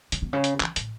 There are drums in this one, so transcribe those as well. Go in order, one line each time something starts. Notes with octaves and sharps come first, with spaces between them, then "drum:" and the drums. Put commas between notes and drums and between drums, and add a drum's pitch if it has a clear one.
C#3, drum: hi-hat
B2
C#3
drum: hi-hat
E3, drum: clap
A2, drum: hi-hat